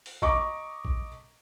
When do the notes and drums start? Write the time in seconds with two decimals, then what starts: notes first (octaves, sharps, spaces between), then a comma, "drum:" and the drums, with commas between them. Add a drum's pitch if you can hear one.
0.06 drum: open hi-hat
0.22 D#5 A#5 C#6 D6, drum: kick A#1
0.85 drum: kick A#1